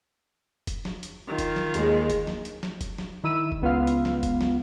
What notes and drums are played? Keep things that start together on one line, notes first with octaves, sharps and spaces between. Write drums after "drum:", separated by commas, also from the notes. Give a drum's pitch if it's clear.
drum: kick F1, hi-hat
drum: snare
drum: hi-hat
D#3 F4
drum: kick F1, hi-hat
drum: snare
D#2 G#3, drum: hi-hat
drum: kick F1, hi-hat
drum: snare
drum: hi-hat
drum: snare
drum: kick F1, hi-hat
drum: snare
D#3 E4 E6 D#7
drum: kick F1
C#2 B3 F4 F5
drum: hi-hat
drum: snare
drum: kick F1, hi-hat
drum: snare